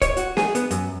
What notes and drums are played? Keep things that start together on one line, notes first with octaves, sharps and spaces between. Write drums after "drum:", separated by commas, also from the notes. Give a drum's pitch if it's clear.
C#5, drum: kick, hi-hat
F#4, drum: hi-hat
G#4, drum: snare
B3, drum: hi-hat
F#2, drum: hi-hat